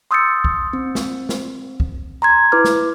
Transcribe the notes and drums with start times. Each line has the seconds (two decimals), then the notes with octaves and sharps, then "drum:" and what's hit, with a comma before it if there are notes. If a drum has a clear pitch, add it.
0.11 C6 D#6 E6 G6 A6 C#7
0.44 drum: kick
0.73 C4
0.95 drum: snare
1.29 drum: snare
1.80 drum: kick
2.22 A#5 C6 G#6
2.52 E4 B4 D6 F6
2.64 drum: snare